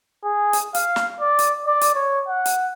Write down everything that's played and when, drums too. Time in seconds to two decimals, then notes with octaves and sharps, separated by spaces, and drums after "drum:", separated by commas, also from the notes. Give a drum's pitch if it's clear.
0.24 G#4
0.53 drum: hi-hat
0.75 F5, drum: hi-hat
0.96 drum: snare
1.20 D5
1.39 drum: hi-hat
1.66 D5
1.81 drum: hi-hat
1.95 C#5
2.28 F#5
2.46 drum: hi-hat